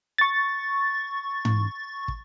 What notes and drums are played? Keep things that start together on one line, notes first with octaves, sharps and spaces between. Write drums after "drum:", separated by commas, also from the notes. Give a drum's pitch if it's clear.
C#6 A6
drum: tom G#2
drum: kick